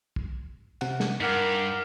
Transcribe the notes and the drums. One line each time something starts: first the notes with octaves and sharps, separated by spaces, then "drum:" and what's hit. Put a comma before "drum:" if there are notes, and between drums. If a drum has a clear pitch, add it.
drum: kick
C3 F#5, drum: cymbal
drum: snare
G2 D#4 A#4 F#5 D6 F6 B6